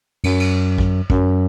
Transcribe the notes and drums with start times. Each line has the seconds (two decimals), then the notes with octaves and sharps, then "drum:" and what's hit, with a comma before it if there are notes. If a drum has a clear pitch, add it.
0.24 F#2, drum: cymbal
0.40 drum: cymbal
0.78 drum: kick
1.10 F#2, drum: kick